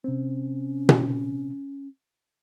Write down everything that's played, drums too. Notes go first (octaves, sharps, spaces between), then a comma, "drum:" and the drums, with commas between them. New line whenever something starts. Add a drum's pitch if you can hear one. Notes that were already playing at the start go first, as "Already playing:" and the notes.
C3 C4 C#4
drum: tom B2